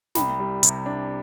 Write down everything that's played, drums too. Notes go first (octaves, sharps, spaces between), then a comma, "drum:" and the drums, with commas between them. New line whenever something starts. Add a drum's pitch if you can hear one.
C2 G5 B5, drum: snare
G3
C3, drum: hi-hat
D4